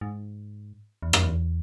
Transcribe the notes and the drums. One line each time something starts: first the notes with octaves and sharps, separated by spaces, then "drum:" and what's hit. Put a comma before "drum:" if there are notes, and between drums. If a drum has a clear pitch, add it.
G#2
E2
F#2, drum: rim click
E2